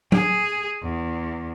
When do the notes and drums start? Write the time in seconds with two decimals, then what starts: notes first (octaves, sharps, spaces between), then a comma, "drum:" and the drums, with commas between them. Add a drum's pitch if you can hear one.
0.12 G#4, drum: tom F#3
0.83 E2